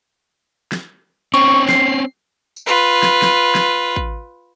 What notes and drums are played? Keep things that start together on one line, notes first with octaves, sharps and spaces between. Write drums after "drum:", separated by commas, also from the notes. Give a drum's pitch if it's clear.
drum: snare
C4 C#4 C#6, drum: hi-hat
C7, drum: snare
drum: tambourine
F4 B4
drum: snare
drum: snare
drum: snare
drum: kick A1